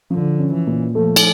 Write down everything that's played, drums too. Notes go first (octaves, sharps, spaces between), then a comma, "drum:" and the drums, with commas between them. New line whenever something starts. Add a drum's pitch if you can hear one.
D3 F3
C#4
E3
A#2
F3 A3
drum: cymbal